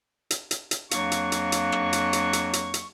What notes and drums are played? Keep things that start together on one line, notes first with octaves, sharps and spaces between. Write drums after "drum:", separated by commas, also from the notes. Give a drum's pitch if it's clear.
drum: hi-hat
drum: hi-hat
drum: hi-hat
F2 F#3 A#3 D4 F5 C#6, drum: hi-hat
drum: hi-hat
drum: hi-hat
drum: hi-hat
drum: rim click
drum: hi-hat
drum: hi-hat
drum: hi-hat
drum: hi-hat
drum: hi-hat